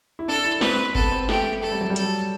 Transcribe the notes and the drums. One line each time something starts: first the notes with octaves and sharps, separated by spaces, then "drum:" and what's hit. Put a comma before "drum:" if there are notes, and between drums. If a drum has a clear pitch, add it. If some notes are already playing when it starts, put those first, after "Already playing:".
E4
D4 A4
E4
C4 B4, drum: snare
B3 A4, drum: kick G1
C4
A3 G4, drum: snare
A3 A4
G3
F#3
G3
A4, drum: hi-hat